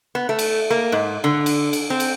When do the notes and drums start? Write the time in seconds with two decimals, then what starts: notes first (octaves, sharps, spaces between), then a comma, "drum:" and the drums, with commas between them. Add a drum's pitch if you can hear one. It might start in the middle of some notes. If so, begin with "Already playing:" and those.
0.15 B3
0.29 A3
0.39 drum: cymbal
0.70 A#3
0.92 G#2
1.24 D3
1.46 drum: cymbal
1.73 drum: cymbal
1.90 C4
2.00 drum: cymbal